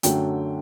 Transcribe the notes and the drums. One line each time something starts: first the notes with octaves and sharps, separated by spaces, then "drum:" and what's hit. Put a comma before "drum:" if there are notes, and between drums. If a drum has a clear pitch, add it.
F#2 D3 F#3 A3 G5, drum: hi-hat